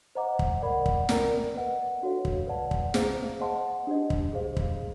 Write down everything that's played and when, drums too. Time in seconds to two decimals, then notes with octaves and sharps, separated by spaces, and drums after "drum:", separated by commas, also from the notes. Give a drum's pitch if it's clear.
0.15 C5 D#5 F#5 A#5 D6
0.39 drum: kick
0.62 A#4 D5 F#5 B5
0.86 drum: kick
1.09 A#4 D5 G5 A#5, drum: snare
1.55 B4 D#5 F#5
2.02 D4 F#4 A4 C#5 F5
2.25 drum: kick
2.47 B4 D5 F#5 A5
2.71 drum: kick
2.94 G#4 C5 F5 A#5 D6, drum: snare
3.41 C5 D#5 F#5 A5 C6
3.87 D4 G4 C5 D#5
4.10 drum: kick
4.33 G#4 C5 F5
4.57 drum: kick